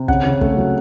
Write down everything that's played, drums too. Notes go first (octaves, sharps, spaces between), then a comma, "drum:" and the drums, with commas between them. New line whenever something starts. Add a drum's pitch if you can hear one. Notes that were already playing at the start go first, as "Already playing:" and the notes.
Already playing: C3
C#3 F#5, drum: kick
C#3
A3, drum: kick
F#3